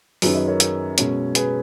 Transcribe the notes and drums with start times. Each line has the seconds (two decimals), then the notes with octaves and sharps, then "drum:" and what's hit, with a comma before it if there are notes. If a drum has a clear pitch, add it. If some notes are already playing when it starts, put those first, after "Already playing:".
0.22 F#2 D#3 F#3 C#4 G#4 B4, drum: open hi-hat
0.34 B4 D#5
0.47 A#4 C#5
0.60 drum: hi-hat
0.98 B2 G#3 C#4, drum: hi-hat
1.35 G#4 B4, drum: hi-hat